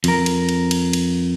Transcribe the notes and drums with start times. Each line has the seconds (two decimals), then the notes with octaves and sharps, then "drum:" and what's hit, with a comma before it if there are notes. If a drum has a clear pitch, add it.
0.04 F2 A#4, drum: cymbal
0.26 drum: cymbal
0.49 drum: cymbal
0.71 drum: cymbal
0.93 drum: cymbal